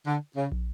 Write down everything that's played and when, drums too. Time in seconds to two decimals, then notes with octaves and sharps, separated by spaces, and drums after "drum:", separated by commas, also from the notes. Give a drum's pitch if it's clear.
0.07 D3
0.37 C#3
0.52 drum: kick